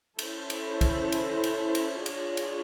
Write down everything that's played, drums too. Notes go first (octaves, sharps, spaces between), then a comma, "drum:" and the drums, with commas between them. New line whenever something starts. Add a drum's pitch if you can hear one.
C#4 E4 A4 C5, drum: cymbal
drum: cymbal
drum: kick, cymbal
drum: cymbal
drum: cymbal
drum: cymbal
D4 F4 G#4 C#5, drum: cymbal
drum: cymbal